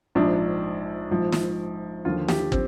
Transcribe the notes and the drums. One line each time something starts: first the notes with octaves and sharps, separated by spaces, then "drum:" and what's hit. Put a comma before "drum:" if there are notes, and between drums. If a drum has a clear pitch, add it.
A#1 G#2 F3 D4
A#1 G#2 F3
drum: snare
D#2 D3 F3 F4
G4, drum: snare
C4, drum: kick